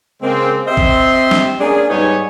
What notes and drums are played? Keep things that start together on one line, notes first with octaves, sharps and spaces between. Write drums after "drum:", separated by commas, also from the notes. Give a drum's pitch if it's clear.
C#3 G#3 A#3 C4
C4 G4 C5 D#5 E5 C6
drum: kick
drum: snare
A#3 C#4 D4 G#4
G#2 G3 B3 D#4 C#5 G#5